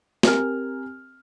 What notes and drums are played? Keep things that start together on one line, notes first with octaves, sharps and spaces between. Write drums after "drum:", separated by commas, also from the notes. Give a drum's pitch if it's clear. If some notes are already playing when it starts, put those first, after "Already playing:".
C4 G4 A#4 G#5 F6, drum: snare